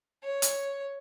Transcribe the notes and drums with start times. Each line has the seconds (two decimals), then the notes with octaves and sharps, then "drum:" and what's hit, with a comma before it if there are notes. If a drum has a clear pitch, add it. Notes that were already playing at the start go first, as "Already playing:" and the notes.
0.24 C#5
0.42 drum: hi-hat